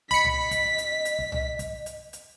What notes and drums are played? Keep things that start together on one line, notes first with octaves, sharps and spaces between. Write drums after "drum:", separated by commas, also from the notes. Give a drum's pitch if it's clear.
D#5 B5 B6 C#7, drum: kick
drum: tom C2
drum: kick, hi-hat
drum: hi-hat
drum: hi-hat
drum: kick
drum: tom C2
drum: kick, hi-hat
drum: hi-hat
drum: hi-hat